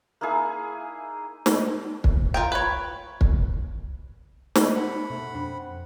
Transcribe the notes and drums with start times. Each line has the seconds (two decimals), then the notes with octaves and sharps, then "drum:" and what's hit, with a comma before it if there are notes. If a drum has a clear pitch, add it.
0.21 A#3 D#4 E4 G#4
1.46 drum: snare
2.04 drum: kick
2.34 F4 A#4 G5
2.52 B4 C#5
3.21 drum: kick
4.55 A#3, drum: snare
4.75 C3 F#5 B5
5.10 B2 A3
5.35 F2 C4 D4